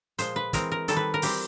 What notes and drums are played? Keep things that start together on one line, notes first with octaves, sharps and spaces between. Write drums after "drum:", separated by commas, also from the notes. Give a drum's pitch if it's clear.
A#2 F3 G#3 C5, drum: hi-hat
B4
E3 G#3 C4 A#4, drum: kick, hi-hat
A#4
D#3 G3 C4 A4, drum: hi-hat
B4
A#4
E3 G3 C4 G4, drum: open hi-hat